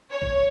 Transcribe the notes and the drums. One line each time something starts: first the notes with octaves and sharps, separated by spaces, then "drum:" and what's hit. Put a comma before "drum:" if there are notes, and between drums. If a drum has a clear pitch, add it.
C#5
drum: kick